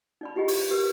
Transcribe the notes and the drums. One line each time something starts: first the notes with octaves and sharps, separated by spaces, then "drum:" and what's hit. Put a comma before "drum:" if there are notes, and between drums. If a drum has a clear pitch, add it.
D#4 D5 B5
E4 F4 G4 G#4 D#5
C#6, drum: open hi-hat
G4 A#4 B4